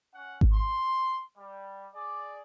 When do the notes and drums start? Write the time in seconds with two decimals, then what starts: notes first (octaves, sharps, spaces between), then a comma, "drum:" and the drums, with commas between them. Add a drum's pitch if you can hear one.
0.14 C#4 F#5
0.41 drum: kick G#1
0.52 C6
1.37 G3
1.93 G#4 D5